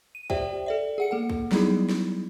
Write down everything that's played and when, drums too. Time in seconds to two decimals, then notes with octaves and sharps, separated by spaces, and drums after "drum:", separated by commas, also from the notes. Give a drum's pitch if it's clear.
0.15 D#7
0.30 G4 C5 D5 E5 G5, drum: kick C2
0.66 A4 D5 E5
0.98 G#4 F#5 C#7
1.11 A#3 A4 F#5
1.30 drum: kick C2
1.52 F#3 G3 B3 D#4 E4 G#4, drum: snare
1.89 drum: snare